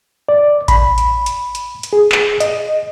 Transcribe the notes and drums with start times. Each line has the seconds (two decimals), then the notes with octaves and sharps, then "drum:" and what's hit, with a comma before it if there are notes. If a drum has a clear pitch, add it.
0.29 D5
0.68 B5, drum: kick A1, hi-hat
0.98 drum: hi-hat
1.26 drum: hi-hat
1.55 drum: hi-hat
1.83 drum: hi-hat
1.93 G#4
2.12 drum: clap
2.40 D#5, drum: hi-hat